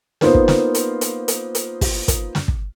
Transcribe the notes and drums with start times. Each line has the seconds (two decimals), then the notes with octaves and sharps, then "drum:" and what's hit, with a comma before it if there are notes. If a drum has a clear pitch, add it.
0.21 A#3 B3 D#4 F4 C5, drum: snare
0.34 drum: kick
0.48 drum: snare
0.75 drum: hi-hat
1.01 drum: hi-hat
1.28 drum: hi-hat
1.55 drum: hi-hat
1.81 drum: kick, open hi-hat
2.08 drum: kick, hi-hat
2.35 drum: snare
2.48 drum: kick